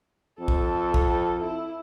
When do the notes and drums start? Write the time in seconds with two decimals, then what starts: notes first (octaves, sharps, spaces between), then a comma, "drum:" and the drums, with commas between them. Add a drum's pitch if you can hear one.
0.39 F2 A4
0.48 drum: kick
0.94 drum: kick
1.40 E4